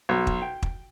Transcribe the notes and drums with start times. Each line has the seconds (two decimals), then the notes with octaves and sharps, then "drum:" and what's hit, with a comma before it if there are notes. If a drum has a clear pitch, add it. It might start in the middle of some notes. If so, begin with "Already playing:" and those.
0.09 B1
0.27 drum: kick
0.42 G5
0.62 drum: kick